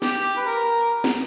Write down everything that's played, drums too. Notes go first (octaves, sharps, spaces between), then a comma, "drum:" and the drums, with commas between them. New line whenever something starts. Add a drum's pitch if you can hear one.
G4, drum: snare
B4
A#4
drum: snare